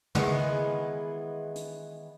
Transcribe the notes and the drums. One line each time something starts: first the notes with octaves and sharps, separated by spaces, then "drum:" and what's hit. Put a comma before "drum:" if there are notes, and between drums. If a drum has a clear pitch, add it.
D#3 E3 G#3 B3, drum: tom
drum: hi-hat